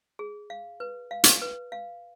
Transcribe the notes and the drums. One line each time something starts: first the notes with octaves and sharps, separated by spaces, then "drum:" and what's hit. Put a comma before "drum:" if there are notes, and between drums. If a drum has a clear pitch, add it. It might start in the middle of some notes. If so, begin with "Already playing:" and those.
G#4
F5
B4
F5
drum: hi-hat
B4
F5